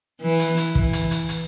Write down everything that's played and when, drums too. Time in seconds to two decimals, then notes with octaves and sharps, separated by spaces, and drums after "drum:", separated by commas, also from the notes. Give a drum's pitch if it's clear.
0.21 E3
0.40 drum: hi-hat
0.58 drum: hi-hat
0.75 E3, drum: kick
0.93 drum: hi-hat
1.11 drum: hi-hat
1.29 drum: hi-hat